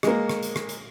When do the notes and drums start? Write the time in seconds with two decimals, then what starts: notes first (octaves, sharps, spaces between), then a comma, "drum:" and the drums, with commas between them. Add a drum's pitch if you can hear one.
0.03 G#3 A#3, drum: rim click
0.29 drum: rim click
0.43 drum: hi-hat
0.56 drum: rim click
0.69 drum: hi-hat